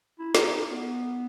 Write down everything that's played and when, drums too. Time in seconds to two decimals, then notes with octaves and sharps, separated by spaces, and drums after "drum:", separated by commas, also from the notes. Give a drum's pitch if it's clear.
0.19 E4
0.35 D#4, drum: snare
0.68 B3